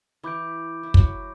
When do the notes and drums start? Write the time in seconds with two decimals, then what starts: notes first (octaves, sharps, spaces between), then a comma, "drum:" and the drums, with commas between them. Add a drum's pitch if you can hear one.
0.23 E3 E4 B5 D6 G6 D7
0.83 E4
0.94 F#3 F#4, drum: kick